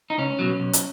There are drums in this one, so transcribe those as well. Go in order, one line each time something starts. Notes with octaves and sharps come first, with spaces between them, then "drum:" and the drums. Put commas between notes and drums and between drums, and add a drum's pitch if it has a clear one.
D#4
C#2 C#4
B2 F#3
B1
drum: hi-hat